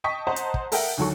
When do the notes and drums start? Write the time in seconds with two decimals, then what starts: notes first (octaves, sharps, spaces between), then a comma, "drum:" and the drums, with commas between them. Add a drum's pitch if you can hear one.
0.04 D#5 G5 A5 C#6 D#6 B6
0.27 C5 D#5 F#5 A5 A#5
0.36 drum: hi-hat
0.54 drum: kick
0.72 A4 A#4 E5 F#5 G5, drum: open hi-hat
0.98 D2 D#3 F#3 A4 C#6